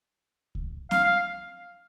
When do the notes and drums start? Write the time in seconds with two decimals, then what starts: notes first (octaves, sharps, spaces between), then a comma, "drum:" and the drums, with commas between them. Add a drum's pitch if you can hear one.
0.55 drum: kick C#2
0.91 F5, drum: snare C4
1.04 F5